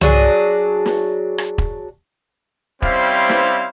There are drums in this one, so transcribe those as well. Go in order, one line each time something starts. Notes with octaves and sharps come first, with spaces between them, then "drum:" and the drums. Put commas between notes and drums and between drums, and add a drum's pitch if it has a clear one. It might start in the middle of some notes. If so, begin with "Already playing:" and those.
F#3 D4 G#4, drum: tom C2
drum: snare
drum: rim click
drum: kick E1
G3 C4 C#4 E4 C5 F5, drum: kick E1
drum: snare